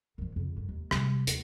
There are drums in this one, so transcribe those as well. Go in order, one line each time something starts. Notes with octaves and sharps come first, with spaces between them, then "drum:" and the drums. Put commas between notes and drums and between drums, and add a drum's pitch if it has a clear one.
D#3 F3
F2 C#3
G2 D#3
D#2
C3 G3, drum: rim click
D#2, drum: hi-hat